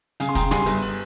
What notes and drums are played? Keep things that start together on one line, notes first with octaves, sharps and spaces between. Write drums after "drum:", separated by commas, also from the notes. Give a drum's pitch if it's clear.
C#3 F5 G#5, drum: hi-hat
C6
C#3 G5 A#5, drum: kick, hi-hat
G3 G#5 C6, drum: snare
G1, drum: hi-hat
drum: open hi-hat